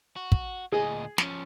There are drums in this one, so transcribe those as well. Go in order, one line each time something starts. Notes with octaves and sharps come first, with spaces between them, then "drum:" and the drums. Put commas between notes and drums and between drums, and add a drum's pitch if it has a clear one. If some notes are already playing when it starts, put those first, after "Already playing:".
F#4
drum: kick
D2 A#2 G#4 D#5
F3 C#4, drum: snare